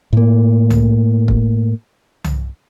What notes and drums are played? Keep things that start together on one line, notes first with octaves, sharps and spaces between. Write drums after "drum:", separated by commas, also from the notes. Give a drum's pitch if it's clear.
A2 A#3
drum: tom C2
drum: kick
drum: tom C2